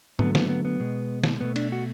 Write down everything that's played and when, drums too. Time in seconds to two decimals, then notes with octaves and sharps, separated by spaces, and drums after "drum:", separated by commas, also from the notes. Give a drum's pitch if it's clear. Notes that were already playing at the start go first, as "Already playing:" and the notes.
0.19 D3 F#3 A3 B3, drum: tom G#2
0.35 B3, drum: snare
0.49 B3
0.65 B3
0.80 B2 G#3
1.24 drum: snare
1.41 B2 A3 B3
1.56 D4, drum: cymbal
1.72 F#4